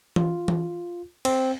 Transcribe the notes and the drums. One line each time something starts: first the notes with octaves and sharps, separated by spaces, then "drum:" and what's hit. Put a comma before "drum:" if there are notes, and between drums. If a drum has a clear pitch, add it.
F4, drum: tom E3
drum: tom E3
C4, drum: cymbal